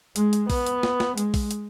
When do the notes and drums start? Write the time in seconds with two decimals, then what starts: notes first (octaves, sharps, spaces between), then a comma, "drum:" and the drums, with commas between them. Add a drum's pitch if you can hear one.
0.16 G#3, drum: hi-hat
0.33 drum: hi-hat
0.50 B3, drum: kick A#1, open hi-hat
0.66 drum: hi-hat
0.83 drum: snare
1.00 drum: snare
1.18 G#3, drum: hi-hat
1.34 drum: kick A#1, open hi-hat
1.51 drum: hi-hat